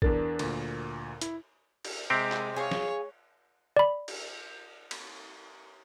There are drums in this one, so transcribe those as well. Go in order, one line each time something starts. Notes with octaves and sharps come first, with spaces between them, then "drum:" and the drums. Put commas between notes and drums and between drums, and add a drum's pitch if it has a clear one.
E2 D4 A#4 A6, drum: kick A#1
D2 A#2, drum: cymbal
E4, drum: hi-hat
drum: cymbal
C3 G#3 C4 G4
drum: clap
G#4 C#5 F5
drum: snare
D5 B5
drum: cymbal
drum: cymbal